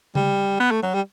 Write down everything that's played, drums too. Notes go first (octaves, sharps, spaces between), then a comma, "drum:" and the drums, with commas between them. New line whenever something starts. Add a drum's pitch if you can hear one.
G3, drum: tom C#3
B3
A3
F#3
G3